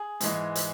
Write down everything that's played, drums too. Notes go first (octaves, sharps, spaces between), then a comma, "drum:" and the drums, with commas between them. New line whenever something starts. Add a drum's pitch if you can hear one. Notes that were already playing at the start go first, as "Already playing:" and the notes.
Already playing: G#4
G#2 E3 G#3, drum: hi-hat
drum: hi-hat